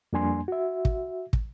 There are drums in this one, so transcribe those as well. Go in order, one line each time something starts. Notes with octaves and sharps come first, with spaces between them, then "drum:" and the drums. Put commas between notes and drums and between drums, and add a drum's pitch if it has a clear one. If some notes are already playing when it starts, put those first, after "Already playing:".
F2 G3 A#3 D4 G#5 C6
F#4 E5
drum: kick
drum: kick